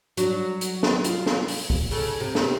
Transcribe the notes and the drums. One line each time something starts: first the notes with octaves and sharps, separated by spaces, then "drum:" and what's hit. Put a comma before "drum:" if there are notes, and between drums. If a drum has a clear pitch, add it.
F#3 D4, drum: hi-hat
drum: hi-hat
drum: snare
F4, drum: hi-hat
drum: snare
drum: open hi-hat
drum: kick
C#3 A4, drum: open hi-hat
C3
drum: snare